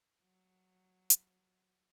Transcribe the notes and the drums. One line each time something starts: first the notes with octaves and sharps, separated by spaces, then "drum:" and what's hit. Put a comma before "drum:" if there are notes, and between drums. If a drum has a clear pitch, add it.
F#3
drum: hi-hat